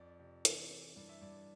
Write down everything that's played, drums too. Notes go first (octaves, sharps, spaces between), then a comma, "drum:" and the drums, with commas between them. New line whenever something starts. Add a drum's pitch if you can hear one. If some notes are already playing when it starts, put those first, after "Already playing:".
Already playing: F2 D5
C3
E3, drum: hi-hat
E3
G2 D5
E5
G2 D5